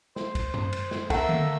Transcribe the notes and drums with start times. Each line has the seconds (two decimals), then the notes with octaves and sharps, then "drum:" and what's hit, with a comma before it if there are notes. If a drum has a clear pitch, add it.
0.16 C5, drum: snare
0.35 drum: kick, cymbal
0.54 drum: tom F#2
0.73 drum: cymbal
0.91 drum: snare
1.10 A3 A#3 A4 E5 F#5, drum: kick, cymbal
1.29 drum: tom D3